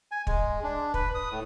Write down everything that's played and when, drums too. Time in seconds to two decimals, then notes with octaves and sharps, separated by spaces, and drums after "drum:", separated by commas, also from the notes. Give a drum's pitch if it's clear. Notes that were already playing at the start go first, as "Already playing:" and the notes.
0.12 G#5
0.27 G#3, drum: kick
0.64 D4
0.94 B4, drum: kick
1.15 D#6
1.31 A2